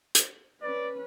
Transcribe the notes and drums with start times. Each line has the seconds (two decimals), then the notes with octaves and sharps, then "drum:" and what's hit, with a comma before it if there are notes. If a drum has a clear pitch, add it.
0.15 drum: hi-hat
0.62 C#4 B4 D5